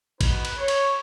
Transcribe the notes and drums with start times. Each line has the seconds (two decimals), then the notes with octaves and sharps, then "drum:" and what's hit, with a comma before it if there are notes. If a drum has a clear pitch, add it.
0.21 B3 D#4 F#4 B4, drum: kick, cymbal
0.45 drum: cymbal
0.57 C#5
0.68 drum: cymbal